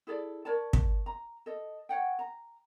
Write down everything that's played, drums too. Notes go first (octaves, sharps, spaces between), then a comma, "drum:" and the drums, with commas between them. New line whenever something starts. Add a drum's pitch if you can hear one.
E4 G#4 A4 D5
A#4 C#5 D5 A5
drum: kick
A#5
A4 D#5
C#5 F#5 G5
A#5